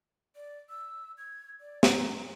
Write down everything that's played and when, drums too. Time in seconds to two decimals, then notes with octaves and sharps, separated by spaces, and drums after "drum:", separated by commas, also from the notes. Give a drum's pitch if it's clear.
0.36 D5
0.70 E6
1.18 G#6
1.61 D5
1.83 A#5, drum: snare